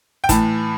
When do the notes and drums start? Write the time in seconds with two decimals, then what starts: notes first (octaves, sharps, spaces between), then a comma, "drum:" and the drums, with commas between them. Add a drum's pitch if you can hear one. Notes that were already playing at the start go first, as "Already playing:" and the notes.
0.24 G5
0.29 A2 E3 A5, drum: kick, hi-hat